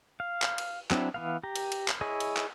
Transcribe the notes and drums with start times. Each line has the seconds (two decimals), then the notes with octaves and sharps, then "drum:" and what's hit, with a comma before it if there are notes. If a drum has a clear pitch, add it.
0.20 F5
0.42 drum: clap
0.58 drum: cymbal
0.91 F#3 C4 D4 E4, drum: clap
1.14 E3 B3 F5
1.43 G4 A#5
1.56 drum: cymbal
1.72 drum: cymbal
1.88 drum: clap
2.01 E4 G#4 C#5 D#5
2.20 drum: cymbal
2.37 drum: clap